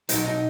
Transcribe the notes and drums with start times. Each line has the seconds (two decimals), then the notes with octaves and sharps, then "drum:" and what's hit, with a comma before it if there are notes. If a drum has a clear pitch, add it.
0.09 B1 B2 F#3 D#4, drum: hi-hat
0.26 D#4